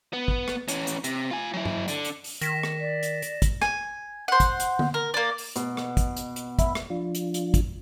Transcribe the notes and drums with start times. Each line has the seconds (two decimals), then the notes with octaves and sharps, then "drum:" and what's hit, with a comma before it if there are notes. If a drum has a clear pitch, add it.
0.13 B3
0.28 drum: kick
0.48 drum: rim click
0.68 E3 C#4, drum: hi-hat
0.87 drum: hi-hat
1.04 C3, drum: hi-hat
1.31 F4 G#5
1.54 F#3 E4
1.65 drum: tom G2
1.88 D3, drum: hi-hat
2.05 drum: hi-hat
2.24 drum: open hi-hat
2.41 D#3 A#6 B6 E7, drum: hi-hat
2.63 drum: rim click
2.80 D5
3.03 drum: hi-hat
3.22 drum: hi-hat
3.42 drum: kick, hi-hat
3.62 G#5, drum: rim click
4.28 C5 F#5
4.40 drum: kick, hi-hat
4.60 drum: hi-hat
4.79 drum: tom D3
4.94 A#4
5.14 A#3 D5
5.38 drum: open hi-hat
5.56 B2, drum: hi-hat
5.77 drum: rim click
5.97 drum: kick, hi-hat
6.17 drum: hi-hat
6.36 drum: hi-hat
6.59 E4, drum: kick, hi-hat
6.75 drum: rim click
6.90 F3 D4 F4
7.15 drum: hi-hat
7.34 drum: hi-hat
7.54 drum: kick, hi-hat